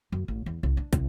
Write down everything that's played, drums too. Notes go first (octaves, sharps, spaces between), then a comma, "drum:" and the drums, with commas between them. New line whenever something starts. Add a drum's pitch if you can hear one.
F#2
A1
E2
C2
D4
C2, drum: kick, hi-hat